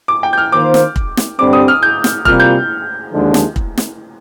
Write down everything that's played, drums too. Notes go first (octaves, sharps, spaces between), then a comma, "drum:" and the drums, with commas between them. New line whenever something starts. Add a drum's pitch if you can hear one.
D6
G5
G6
F6
D#3 A#3 F4 C5 D6
drum: snare
drum: kick
drum: snare
G2 D3 G3 C4 D6
D#6
F6
G6
drum: snare
C3 G3 A#3 F4 F6, drum: kick
G6
D#2 D3 F3 G#3 D4
drum: snare
drum: kick
drum: snare